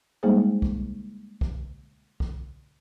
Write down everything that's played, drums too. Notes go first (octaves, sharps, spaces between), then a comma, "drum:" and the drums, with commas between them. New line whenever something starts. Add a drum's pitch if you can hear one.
G3 G#3 A#3 D#4 G#4 C5
drum: kick
drum: kick
drum: kick